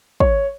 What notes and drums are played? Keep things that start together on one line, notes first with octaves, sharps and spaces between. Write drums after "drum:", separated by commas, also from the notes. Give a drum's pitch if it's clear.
C#5, drum: kick